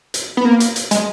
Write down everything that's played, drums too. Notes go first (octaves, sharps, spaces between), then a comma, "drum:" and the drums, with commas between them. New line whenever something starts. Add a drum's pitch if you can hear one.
drum: hi-hat
B3
A#3
drum: hi-hat
drum: hi-hat
G#3, drum: hi-hat